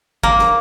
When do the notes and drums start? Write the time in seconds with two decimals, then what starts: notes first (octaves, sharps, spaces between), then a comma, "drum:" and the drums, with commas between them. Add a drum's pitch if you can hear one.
0.23 A#3, drum: kick G#1
0.39 drum: snare